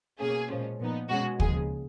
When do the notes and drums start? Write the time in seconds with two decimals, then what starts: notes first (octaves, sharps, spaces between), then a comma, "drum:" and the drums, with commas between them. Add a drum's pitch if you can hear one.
0.19 B2 A#3 C#4 G#4
0.50 A#2 F3 G#3 C#4
0.80 A#2 F3 B3 D#4
1.10 B2 G#3 C#4 F#4
1.40 D#2 C#3 F3 G#3 G#4, drum: kick